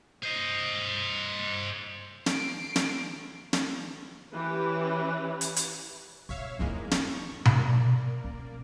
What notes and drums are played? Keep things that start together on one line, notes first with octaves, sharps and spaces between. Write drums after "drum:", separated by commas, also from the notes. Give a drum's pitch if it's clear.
C5 D#5
C7 D7, drum: snare
drum: snare
drum: snare
E3 C#4 G4 B4
drum: hi-hat
drum: hi-hat
B2 C#5 E5 F5
G#2 G#3 A#3 E4 F4
drum: snare
C#6
A#3 A#4 D5, drum: tom B2
C#4